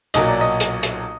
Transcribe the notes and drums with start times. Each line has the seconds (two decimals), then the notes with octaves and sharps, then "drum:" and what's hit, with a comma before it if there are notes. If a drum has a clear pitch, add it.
0.14 B1 A#2 F#3 A#3 D#5, drum: hi-hat
0.28 D5
0.41 D#5
0.60 drum: hi-hat
0.83 drum: hi-hat